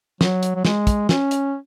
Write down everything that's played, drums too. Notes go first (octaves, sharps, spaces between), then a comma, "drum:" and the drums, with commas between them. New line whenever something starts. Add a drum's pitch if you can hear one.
F#3, drum: snare
drum: hi-hat
F#3
G#3, drum: snare
drum: kick, hi-hat
C#4, drum: snare
drum: hi-hat